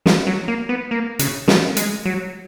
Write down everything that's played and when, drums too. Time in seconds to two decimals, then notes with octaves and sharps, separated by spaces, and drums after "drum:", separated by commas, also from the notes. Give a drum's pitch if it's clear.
0.06 F3, drum: snare
0.26 F#3
0.48 A#3
0.69 B3
0.91 A#3
1.19 C#3, drum: hi-hat
1.48 F3, drum: snare
1.77 G#3, drum: hi-hat
2.05 F#3